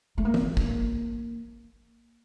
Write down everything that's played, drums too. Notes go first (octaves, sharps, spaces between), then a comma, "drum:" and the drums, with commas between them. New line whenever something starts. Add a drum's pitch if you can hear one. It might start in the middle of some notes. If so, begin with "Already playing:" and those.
A3
A#3
drum: tom E3
A#3, drum: kick